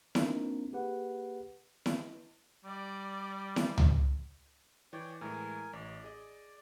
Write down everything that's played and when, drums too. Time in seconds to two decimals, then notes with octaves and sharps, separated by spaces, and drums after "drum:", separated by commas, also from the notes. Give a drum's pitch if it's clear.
0.15 A#3 C4 D4 D#4 F4 A#4, drum: snare E4
0.73 A#3 G4 G#4 B4 F#5
1.86 drum: snare E4
2.65 G3 D5
3.56 drum: snare E4
3.78 drum: tom C#2
4.93 E3 C#5 D5 G5
5.21 A2 E3 G#3 A#4 G#5
5.73 A1 D5
6.04 G#4 D#5